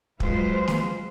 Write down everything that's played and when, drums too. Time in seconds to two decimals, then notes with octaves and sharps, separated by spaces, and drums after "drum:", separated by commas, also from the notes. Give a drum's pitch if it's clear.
0.20 F#3 G#3 F4 B4 C5, drum: kick
0.68 drum: snare